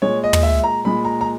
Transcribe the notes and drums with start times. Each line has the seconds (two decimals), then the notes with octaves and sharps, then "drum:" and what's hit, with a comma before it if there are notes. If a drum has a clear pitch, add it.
0.02 A#2 G#3 C#5
0.24 D#5
0.33 drum: tom
0.43 E5
0.64 A#5
0.85 A#2 G#3 B5
1.05 A#5
1.21 A#5